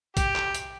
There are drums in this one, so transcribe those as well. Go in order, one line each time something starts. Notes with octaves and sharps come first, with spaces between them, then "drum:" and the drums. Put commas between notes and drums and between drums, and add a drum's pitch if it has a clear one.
G4, drum: kick A#1, hi-hat
drum: clap
drum: hi-hat